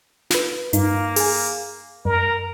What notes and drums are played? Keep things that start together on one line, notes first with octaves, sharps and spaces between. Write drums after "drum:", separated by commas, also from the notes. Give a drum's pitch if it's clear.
F4 B4, drum: snare
G2 A#3 D#4, drum: hi-hat
G#4 G#5, drum: open hi-hat
F#2 A#4